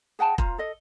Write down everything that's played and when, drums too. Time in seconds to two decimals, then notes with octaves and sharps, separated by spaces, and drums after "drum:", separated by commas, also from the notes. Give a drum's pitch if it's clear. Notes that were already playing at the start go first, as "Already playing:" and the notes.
0.19 G#4 F#5 G5 A5
0.38 F4 C5 F5 A#5, drum: kick
0.58 A4 D#5